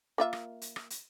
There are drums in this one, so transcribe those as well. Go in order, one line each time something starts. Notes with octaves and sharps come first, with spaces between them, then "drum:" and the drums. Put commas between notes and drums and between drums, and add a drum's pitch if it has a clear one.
A#3 F4 E5
drum: rim click
drum: hi-hat
drum: rim click
drum: hi-hat